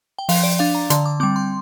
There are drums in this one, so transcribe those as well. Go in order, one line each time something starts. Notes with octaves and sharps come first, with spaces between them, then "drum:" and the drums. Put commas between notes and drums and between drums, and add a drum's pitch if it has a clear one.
G5
F3 F5, drum: open hi-hat
D5
D4 F5
A#5
D3 C6, drum: hi-hat
D6
G3 C4 D6
C6